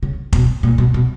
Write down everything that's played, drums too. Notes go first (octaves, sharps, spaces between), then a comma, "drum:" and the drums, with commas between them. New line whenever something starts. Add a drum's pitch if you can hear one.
C#3
B2, drum: kick F1
A#2
B2
B2